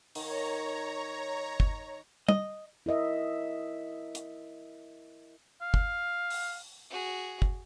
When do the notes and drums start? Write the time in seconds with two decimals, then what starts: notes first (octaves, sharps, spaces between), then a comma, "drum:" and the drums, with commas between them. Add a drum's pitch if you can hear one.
0.15 D#3 C#5 A#5, drum: open hi-hat
1.60 drum: kick
2.29 D#5, drum: tom
2.86 E4 A#4 D#5 E5
4.15 drum: hi-hat
5.62 F5
5.74 drum: kick
6.30 drum: open hi-hat
6.90 F#4 G#4
7.42 drum: kick